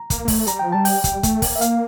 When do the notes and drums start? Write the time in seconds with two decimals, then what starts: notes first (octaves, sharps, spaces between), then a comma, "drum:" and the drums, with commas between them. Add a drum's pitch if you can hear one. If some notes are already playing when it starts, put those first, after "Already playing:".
Already playing: A#5
0.10 A#3, drum: kick, hi-hat
0.25 A#3
0.28 A3, drum: kick, open hi-hat
0.47 G3 A#5, drum: hi-hat
0.59 F3 G5
0.72 G3 A5
0.85 G5, drum: open hi-hat
1.04 drum: kick, hi-hat
1.23 A3, drum: kick, hi-hat
1.42 A#3, drum: kick, open hi-hat
1.56 E5
1.61 F5, drum: hi-hat